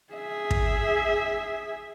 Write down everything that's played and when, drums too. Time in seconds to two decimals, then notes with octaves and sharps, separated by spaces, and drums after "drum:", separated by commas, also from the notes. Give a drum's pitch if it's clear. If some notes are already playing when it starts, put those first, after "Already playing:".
0.13 G#4 E5
0.50 drum: kick